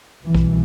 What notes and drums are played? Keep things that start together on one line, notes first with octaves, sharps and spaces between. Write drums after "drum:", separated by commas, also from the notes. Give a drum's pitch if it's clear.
C2 B2 E3
drum: kick A#1